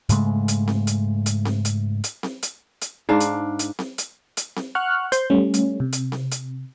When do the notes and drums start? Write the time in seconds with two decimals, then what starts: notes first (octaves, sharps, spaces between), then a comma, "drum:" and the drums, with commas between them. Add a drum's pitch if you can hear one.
0.09 G#2 C#3 G#3 A3, drum: hi-hat
0.48 drum: hi-hat
0.68 drum: snare C4
0.87 drum: hi-hat
1.26 drum: hi-hat
1.45 drum: snare C4
1.65 drum: hi-hat
2.04 drum: hi-hat
2.23 drum: snare C4
2.43 drum: hi-hat
2.81 drum: hi-hat
3.09 G#2 D4 F5
3.20 drum: hi-hat
3.59 drum: hi-hat
3.79 drum: snare C4
3.98 drum: hi-hat
4.37 drum: hi-hat
4.56 drum: snare C4
4.75 F#5 C#6 F6 F#6
5.12 C5 C6 G6, drum: hi-hat
5.30 G3 A3 C#4
5.54 drum: hi-hat
5.80 C3
5.92 drum: hi-hat
6.12 drum: snare C4
6.31 drum: hi-hat